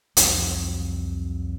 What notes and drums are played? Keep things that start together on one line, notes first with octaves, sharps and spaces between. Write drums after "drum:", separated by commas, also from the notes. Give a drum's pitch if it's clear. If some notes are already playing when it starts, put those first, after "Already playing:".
C2 F2 F#3, drum: hi-hat